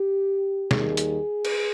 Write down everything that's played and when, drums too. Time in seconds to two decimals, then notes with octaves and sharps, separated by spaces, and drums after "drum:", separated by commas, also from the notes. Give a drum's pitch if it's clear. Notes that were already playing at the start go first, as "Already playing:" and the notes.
Already playing: G4
0.71 D#2 D#3 G3 G#4, drum: snare
0.97 drum: hi-hat
1.45 drum: cymbal